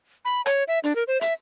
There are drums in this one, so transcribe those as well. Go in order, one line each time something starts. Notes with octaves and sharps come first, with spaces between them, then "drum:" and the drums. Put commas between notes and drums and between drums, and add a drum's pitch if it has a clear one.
B5
C#5, drum: rim click
E5
D4, drum: hi-hat
A#4
C5
E5, drum: hi-hat